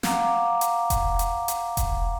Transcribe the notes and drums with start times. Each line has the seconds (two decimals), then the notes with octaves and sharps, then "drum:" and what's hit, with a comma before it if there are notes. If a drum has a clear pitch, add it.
0.03 F5 F#5 A#5 D6, drum: snare
0.61 drum: hi-hat
0.90 drum: kick E1, hi-hat
1.19 drum: hi-hat
1.48 drum: hi-hat
1.77 drum: kick E1, hi-hat